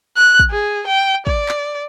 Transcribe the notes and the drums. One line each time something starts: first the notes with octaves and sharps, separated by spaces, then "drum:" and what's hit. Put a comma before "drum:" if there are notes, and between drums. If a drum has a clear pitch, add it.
F#6
drum: kick
G#4
G5
D5, drum: kick
drum: clap